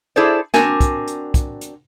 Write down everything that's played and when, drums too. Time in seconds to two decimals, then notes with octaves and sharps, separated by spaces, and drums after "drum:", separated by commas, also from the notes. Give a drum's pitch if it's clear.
0.16 E4 G#4 A4 C5 D5
0.54 C4 D4 F#4 A#4 G#5, drum: snare
0.80 drum: kick, hi-hat
1.07 drum: hi-hat
1.34 drum: kick, hi-hat
1.61 drum: hi-hat